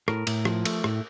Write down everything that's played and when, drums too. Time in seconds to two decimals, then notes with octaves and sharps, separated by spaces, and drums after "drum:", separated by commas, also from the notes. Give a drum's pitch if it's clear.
0.08 A2 A#4, drum: rim click
0.27 A2, drum: cymbal
0.45 F3, drum: rim click
0.65 A3, drum: cymbal
0.84 A2, drum: rim click